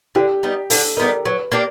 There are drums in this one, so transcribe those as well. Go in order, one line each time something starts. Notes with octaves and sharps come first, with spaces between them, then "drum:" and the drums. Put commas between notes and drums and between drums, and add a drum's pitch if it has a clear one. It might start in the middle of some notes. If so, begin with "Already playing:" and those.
D3 G4
G3 B3 D#4
D3 A4, drum: open hi-hat
G3 B3 D#4 A#4
F#3 B4
A#3 D4 G4